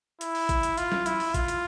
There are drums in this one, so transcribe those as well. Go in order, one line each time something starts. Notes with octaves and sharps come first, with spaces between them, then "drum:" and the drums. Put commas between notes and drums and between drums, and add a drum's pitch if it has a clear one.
E4, drum: hi-hat
drum: open hi-hat
drum: kick, hi-hat
drum: hi-hat
F4, drum: hi-hat
drum: snare
E4, drum: hi-hat
drum: open hi-hat
F4, drum: kick, hi-hat
drum: hi-hat